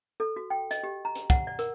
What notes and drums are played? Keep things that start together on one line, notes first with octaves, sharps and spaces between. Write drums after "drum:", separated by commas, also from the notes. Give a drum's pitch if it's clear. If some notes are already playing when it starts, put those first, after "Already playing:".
A4
F#4
G5
D#5, drum: hi-hat
G4
A#5
drum: hi-hat
F#5, drum: kick, hi-hat
D5
A#4, drum: hi-hat